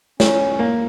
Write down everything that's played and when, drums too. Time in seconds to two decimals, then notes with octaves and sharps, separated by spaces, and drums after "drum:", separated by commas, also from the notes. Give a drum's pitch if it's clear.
0.20 C#4 C#5, drum: snare
0.59 A#3